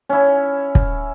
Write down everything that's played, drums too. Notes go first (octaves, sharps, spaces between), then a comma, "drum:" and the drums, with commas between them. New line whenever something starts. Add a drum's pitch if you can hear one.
C#4 E4
drum: kick